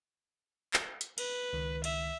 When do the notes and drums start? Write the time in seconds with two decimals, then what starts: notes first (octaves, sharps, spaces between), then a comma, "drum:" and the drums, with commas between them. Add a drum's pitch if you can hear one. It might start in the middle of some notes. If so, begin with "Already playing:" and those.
0.74 drum: clap
1.01 drum: hi-hat
1.18 B4, drum: cymbal
1.53 C#2 D#3
1.84 E5, drum: cymbal